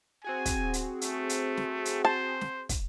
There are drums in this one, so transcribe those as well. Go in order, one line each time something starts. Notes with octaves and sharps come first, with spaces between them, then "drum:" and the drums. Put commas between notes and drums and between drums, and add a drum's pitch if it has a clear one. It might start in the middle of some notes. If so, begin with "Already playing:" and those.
C4 F#4 G#4 G#5
drum: kick, hi-hat
drum: hi-hat
A3, drum: hi-hat
drum: hi-hat
drum: snare
drum: hi-hat
C5 A5
drum: snare
drum: kick, hi-hat